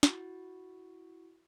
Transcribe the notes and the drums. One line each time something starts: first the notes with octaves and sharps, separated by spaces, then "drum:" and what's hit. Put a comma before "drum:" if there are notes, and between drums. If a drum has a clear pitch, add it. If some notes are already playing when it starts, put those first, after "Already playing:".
E4 F#4, drum: snare